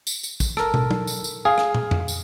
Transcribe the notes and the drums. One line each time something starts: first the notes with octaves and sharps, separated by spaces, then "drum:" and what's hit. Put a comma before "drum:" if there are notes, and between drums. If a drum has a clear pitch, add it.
drum: tambourine
drum: tambourine
drum: kick, tambourine
A4 A#4, drum: rim click
drum: tom
drum: tom
drum: tambourine
drum: tambourine
G#4 F5
drum: rim click
drum: tom
drum: tom F2
drum: tambourine